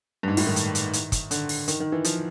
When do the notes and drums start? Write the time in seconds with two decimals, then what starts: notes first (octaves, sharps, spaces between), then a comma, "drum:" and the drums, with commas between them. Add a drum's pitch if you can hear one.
0.23 G2
0.28 G#2
0.37 A2, drum: open hi-hat
0.47 D#3
0.56 drum: hi-hat
0.75 drum: hi-hat
0.93 drum: hi-hat
1.12 drum: kick, hi-hat
1.31 D3, drum: hi-hat
1.49 drum: open hi-hat
1.68 D#3, drum: hi-hat
1.80 D#3
1.92 E3
2.04 F3, drum: hi-hat